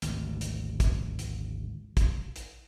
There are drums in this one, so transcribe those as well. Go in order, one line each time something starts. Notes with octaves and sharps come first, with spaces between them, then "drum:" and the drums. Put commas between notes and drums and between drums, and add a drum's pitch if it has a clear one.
G#1 D2, drum: hi-hat
drum: hi-hat
drum: kick, hi-hat
drum: hi-hat
drum: kick, hi-hat
drum: hi-hat